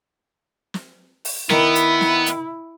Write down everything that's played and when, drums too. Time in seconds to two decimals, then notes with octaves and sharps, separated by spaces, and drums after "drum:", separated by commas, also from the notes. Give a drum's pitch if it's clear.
0.74 drum: snare
1.25 drum: open hi-hat
1.50 D#3 B3 E4 A#4, drum: snare
1.76 drum: hi-hat
2.01 drum: snare
2.26 drum: hi-hat